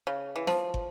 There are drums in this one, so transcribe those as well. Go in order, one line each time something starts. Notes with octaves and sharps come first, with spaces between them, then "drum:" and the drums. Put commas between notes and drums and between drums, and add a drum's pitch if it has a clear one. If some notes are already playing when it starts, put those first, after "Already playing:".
C#3
E3
F3, drum: snare
drum: kick